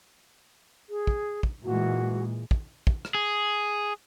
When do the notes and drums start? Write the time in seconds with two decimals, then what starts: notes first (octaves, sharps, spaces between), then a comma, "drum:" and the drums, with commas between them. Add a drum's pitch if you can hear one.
0.89 G#4
1.07 drum: kick
1.43 drum: kick
1.64 A#2 E3 G#3 F#4
2.51 drum: kick
2.87 drum: kick
3.05 drum: rim click
3.15 G#4